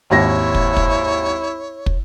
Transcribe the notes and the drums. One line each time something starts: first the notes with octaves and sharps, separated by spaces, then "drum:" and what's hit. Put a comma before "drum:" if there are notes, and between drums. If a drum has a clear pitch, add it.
G#1 D#2 E4 C#5 A#6
drum: kick
drum: kick
drum: kick